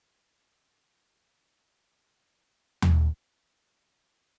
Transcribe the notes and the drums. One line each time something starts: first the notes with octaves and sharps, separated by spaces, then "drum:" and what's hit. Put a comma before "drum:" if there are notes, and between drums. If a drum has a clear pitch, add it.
A#4
C5
D#5
F5
D#5 G5
F5 A#5
F5
F5
D#5 G5
F5 A#5
drum: tom